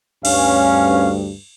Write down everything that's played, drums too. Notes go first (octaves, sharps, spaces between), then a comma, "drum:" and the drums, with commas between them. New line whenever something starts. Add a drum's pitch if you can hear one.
D2 G2 C#4 F5, drum: cymbal